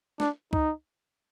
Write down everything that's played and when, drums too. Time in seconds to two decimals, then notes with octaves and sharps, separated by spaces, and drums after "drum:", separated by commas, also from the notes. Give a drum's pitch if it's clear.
0.20 D4, drum: snare
0.53 D#4, drum: kick C#2